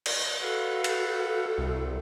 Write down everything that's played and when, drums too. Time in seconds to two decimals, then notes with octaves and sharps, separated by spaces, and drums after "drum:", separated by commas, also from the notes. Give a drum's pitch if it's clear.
0.06 drum: cymbal
0.41 F#4 A4 B4 F5 F#5
0.84 drum: cymbal
1.58 C2